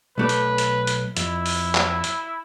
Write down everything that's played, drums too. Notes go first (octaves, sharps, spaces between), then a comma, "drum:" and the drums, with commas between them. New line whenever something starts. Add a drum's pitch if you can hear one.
B1 A3 B4 D5
drum: hi-hat
drum: hi-hat
drum: hi-hat
F2 E4, drum: hi-hat
drum: open hi-hat
drum: clap
drum: hi-hat